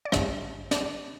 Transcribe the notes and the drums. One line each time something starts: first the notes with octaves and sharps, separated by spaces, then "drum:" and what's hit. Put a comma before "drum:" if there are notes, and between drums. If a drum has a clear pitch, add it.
D5
A1 G2 D3 G3 E5, drum: rim click
D5, drum: snare